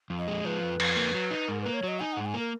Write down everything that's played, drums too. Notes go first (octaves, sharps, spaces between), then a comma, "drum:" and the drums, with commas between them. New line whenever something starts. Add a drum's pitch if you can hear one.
F2
D#5
G#3
F3 B4
F2
F2, drum: cymbal
A#3
F#3
D#4
G#2 A#4
A#3 B4
C#5
F#3 D#5
D#4 G#5
G#2 F#5
G#5
A#3 A#4